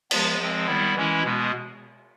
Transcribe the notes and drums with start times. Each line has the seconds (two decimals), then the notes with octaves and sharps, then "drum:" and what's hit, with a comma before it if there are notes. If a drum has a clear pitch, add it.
0.11 F3 G#3 B3, drum: cymbal
0.39 F3 G#3 C4
0.67 D#3 G3 B3 E4
0.95 E3 G#3 C#4 E4
1.23 B2 G#3 B3